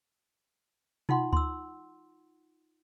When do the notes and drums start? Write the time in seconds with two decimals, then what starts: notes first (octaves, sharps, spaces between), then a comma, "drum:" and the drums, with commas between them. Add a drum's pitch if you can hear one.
1.09 D#4 F4 F#5 C6, drum: tom B2
1.33 C6 E6, drum: kick D2